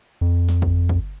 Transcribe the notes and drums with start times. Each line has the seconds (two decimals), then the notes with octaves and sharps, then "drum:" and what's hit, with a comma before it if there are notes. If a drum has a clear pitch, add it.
0.21 F2
0.49 drum: snare
0.62 drum: kick
0.89 drum: kick